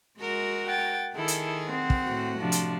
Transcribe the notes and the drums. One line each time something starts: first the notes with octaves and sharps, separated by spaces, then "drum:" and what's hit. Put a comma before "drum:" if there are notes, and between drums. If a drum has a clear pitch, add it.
G#3 F#4 A#4
F#5 G5 A6
D#3 E4 G#4 A4
drum: hi-hat
C4 F#5
drum: kick
A2 F#4
C3 F3 D4
drum: hi-hat